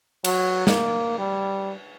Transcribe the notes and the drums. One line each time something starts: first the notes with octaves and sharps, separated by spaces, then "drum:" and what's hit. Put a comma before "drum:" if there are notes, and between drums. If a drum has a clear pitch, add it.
F#3, drum: cymbal
A#3, drum: snare
G3